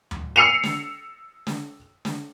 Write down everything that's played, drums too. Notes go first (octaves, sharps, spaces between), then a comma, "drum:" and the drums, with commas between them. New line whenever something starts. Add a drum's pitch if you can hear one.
drum: tom D2
E6 C7 C#7 D#7 F7
drum: snare
drum: snare
drum: snare